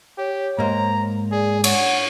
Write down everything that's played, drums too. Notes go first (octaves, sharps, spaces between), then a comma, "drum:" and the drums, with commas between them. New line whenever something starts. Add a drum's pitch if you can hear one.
G4 C#5
G#2 A#3 C5 A#5
G#4 D5
C#5 F#5, drum: cymbal